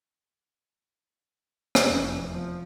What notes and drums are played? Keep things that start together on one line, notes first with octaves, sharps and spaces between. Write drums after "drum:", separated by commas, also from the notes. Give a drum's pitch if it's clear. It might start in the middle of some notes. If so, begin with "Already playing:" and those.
drum: rim click
F1 E2
F3